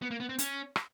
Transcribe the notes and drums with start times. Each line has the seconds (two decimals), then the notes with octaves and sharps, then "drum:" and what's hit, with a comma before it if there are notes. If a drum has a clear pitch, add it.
0.02 B3
0.11 A#3
0.20 B3
0.29 C4
0.39 C#4, drum: hi-hat
0.76 drum: rim click